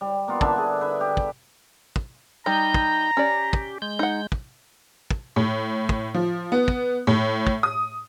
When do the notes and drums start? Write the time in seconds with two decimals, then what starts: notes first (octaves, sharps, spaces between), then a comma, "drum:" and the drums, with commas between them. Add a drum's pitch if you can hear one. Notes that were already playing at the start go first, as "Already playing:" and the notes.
0.01 G3
0.28 A#3 B3 F4
0.41 D3 D4 E5 A5, drum: kick
0.58 G#4
0.81 B4 E5
1.01 G4
1.17 drum: kick
1.96 drum: kick
2.46 G3 D#4 A#5 G6
2.74 drum: kick
3.17 C#4 G4 D5
3.53 drum: kick
3.82 G#3 G6
3.99 D#4 F#5
4.32 drum: kick
5.11 drum: kick
5.36 A2
5.89 drum: kick
6.14 F3
6.52 B3
6.68 drum: kick
7.07 A2
7.47 drum: kick
7.63 D#6